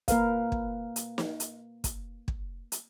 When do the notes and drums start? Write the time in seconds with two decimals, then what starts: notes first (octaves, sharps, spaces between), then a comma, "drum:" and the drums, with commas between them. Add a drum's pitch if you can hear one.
0.08 A#3 A#4 B4 F5, drum: kick, hi-hat
0.52 drum: kick
0.96 drum: hi-hat
1.18 drum: snare
1.40 drum: hi-hat
1.84 drum: kick, hi-hat
2.28 drum: kick
2.72 drum: hi-hat